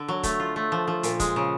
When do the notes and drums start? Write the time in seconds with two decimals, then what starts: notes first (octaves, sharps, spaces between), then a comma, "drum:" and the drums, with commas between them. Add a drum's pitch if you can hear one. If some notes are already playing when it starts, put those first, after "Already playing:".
Already playing: D3
0.08 F#3
0.23 A3, drum: kick D#1, hi-hat
0.40 F4
0.56 A3
0.72 F3
0.87 F3
1.03 A#2, drum: hi-hat
1.20 G#3, drum: kick D#1, hi-hat
1.36 C#3